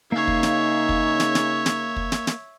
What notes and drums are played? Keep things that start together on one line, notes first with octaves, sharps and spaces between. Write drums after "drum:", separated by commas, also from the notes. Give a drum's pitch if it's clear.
C#3 A#3 D#4 C#5 E5 F5 G#5
drum: kick
drum: snare
drum: kick
drum: snare
drum: snare
drum: snare
drum: kick
drum: snare
drum: snare